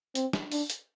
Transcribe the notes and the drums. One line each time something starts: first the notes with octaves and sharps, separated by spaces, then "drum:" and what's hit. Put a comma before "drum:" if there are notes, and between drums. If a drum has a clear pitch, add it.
C4, drum: hi-hat
drum: snare
D4, drum: open hi-hat
drum: hi-hat